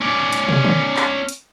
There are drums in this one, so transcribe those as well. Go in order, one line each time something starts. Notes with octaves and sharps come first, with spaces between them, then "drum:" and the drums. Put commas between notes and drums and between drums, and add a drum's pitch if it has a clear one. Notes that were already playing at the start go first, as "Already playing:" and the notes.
C#4 D5
drum: hi-hat
drum: tom
drum: tom D3
drum: clap
drum: hi-hat